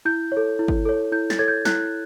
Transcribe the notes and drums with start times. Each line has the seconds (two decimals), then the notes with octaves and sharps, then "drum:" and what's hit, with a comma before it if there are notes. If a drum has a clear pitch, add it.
0.05 E4 G6
0.32 A4 C#5
0.59 E4
0.68 drum: kick
0.86 A4 C#5
1.12 E4 G6
1.30 A6, drum: snare
1.39 A4 C#5 G#6
1.48 G6
1.65 E4 F#6, drum: snare